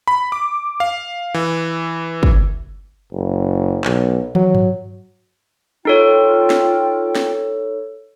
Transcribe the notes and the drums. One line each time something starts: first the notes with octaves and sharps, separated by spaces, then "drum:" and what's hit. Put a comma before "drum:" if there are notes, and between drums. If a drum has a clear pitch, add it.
B5
D6
F5
E3
drum: kick
F#1
B1, drum: clap
F#3, drum: tom
drum: tom G2
D#4 F4 A4 C#5 G5
drum: snare
drum: snare